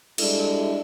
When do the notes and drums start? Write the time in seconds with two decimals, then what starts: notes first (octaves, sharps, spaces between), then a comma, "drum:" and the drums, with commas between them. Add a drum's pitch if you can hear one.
0.18 G3 G#3 D4 E4 A4, drum: cymbal